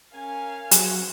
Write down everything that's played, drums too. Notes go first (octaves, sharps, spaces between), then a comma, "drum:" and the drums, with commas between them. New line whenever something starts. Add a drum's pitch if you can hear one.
C#4 A#4 F5 G#5
F#3 C4 F#4 G#4, drum: hi-hat